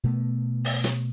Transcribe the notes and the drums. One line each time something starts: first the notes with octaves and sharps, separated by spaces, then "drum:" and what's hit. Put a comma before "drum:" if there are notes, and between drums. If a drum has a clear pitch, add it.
B2 A3 B3
drum: open hi-hat
drum: snare